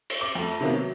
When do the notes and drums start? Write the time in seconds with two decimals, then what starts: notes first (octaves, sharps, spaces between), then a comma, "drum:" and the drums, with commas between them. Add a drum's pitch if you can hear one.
0.10 drum: cymbal
0.21 D6
0.35 F2 A3
0.61 C3 D#3 F#3 A#3 B3
0.74 F#3